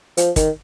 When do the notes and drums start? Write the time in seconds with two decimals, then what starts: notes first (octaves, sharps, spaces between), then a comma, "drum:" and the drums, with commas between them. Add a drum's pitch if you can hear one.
0.17 F3, drum: hi-hat
0.36 D#3, drum: kick, hi-hat